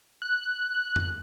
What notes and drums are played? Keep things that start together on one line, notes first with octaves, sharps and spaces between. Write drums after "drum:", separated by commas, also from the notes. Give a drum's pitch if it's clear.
F#6
drum: tom F2